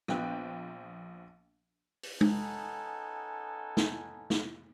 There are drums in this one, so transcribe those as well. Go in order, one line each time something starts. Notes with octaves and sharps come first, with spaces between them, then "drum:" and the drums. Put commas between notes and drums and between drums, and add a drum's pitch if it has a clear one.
A#1 F3 B3 G5 F#6, drum: rim click
drum: open hi-hat
B3 C#4 D#4 A4 F#5 G#5, drum: tom G#3
drum: snare
drum: snare